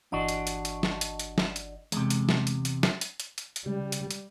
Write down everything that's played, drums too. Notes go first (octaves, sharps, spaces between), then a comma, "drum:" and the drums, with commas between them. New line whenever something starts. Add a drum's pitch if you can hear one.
G1 E3 D4 F#4 D#5
drum: hi-hat
drum: hi-hat
drum: hi-hat
drum: snare
drum: hi-hat
drum: hi-hat
drum: snare
drum: hi-hat
E2 C3 G#3, drum: hi-hat
drum: hi-hat
drum: snare
drum: hi-hat
drum: hi-hat
drum: snare
drum: hi-hat
drum: hi-hat
drum: hi-hat
drum: hi-hat
C#3 G3 G4
drum: hi-hat
drum: hi-hat